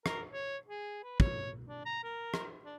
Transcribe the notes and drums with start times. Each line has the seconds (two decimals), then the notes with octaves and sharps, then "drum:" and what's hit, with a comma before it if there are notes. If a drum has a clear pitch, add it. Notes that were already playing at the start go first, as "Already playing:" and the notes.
0.06 A#4, drum: rim click
0.31 C#5
0.67 G#4
1.03 B4
1.20 C#5, drum: kick
1.66 D4
1.86 A#5
2.03 A#4
2.34 drum: rim click
2.65 D4